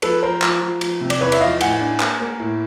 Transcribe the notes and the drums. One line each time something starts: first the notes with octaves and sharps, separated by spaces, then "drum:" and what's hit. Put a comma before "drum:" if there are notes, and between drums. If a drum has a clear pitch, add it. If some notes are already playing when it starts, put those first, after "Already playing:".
F3 A4 B4, drum: cymbal
F3 A#4 C5
F3, drum: clap
F3
F3, drum: cymbal
C3
D5, drum: cymbal
E2 B4 C#5
E5, drum: cymbal
F3 D#5 F5
A2 F#5 G#5, drum: cymbal
D4
A#3, drum: clap
A#3
A2